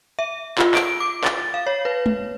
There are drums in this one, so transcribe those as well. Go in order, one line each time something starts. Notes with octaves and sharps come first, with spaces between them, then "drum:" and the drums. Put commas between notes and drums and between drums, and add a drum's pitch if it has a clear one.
E5
F4, drum: clap
D7, drum: clap
D6
A6, drum: clap
F5
C#5
B4
drum: tom G#3